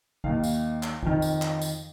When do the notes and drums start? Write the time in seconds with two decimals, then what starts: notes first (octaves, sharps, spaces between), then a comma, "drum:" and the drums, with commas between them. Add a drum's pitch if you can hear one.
0.24 D#2 D#3 F5, drum: kick
0.44 drum: tambourine
0.83 drum: clap
1.03 F2 D#3, drum: kick
1.22 drum: tambourine
1.42 drum: clap
1.62 drum: tambourine